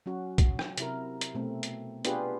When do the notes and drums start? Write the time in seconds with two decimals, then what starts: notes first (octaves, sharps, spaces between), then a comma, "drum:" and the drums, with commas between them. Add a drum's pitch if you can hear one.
0.06 F#3 C#4 F#4
0.38 drum: kick, hi-hat
0.59 drum: rim click
0.78 C3 E4 A#4, drum: hi-hat
1.21 drum: hi-hat
1.34 B2 A3 C4
1.63 drum: hi-hat
2.05 B3 D4 F4 G4 G#4 B4, drum: hi-hat